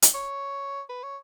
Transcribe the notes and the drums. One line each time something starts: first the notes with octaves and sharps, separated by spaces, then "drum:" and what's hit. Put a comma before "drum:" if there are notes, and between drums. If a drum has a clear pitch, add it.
drum: hi-hat
C#5
B4
C#5